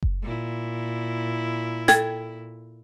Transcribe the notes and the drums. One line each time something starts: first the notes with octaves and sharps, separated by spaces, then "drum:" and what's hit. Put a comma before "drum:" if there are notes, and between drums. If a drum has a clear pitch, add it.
drum: kick F#1
A#2 E4
A4 G5 G#6, drum: snare